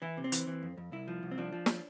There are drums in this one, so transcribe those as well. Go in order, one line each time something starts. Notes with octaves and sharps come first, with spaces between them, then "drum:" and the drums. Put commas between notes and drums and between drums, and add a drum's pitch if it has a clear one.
E3 E4
C3
C4
E3, drum: hi-hat
E3
F2
F2
C2 E4
F3
C2
C4
F3 D4
F3
drum: snare